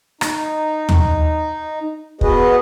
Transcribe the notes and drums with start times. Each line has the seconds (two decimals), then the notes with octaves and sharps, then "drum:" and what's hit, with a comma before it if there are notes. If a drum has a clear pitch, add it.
0.21 D#4, drum: rim click
0.89 drum: tom D#2
2.21 B3 F#4 G#4 B4 D#5, drum: kick